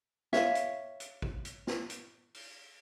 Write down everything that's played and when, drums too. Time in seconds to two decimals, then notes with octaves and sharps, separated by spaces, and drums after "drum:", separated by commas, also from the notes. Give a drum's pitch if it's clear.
0.33 C#5 E5 F5, drum: snare
0.55 drum: hi-hat
1.00 drum: hi-hat
1.22 drum: kick G#1
1.45 drum: hi-hat
1.67 drum: snare
1.90 drum: hi-hat
2.34 drum: open hi-hat